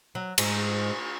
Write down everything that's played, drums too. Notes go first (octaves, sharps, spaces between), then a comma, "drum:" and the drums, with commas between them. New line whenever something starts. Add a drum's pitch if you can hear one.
F#3
G#2, drum: cymbal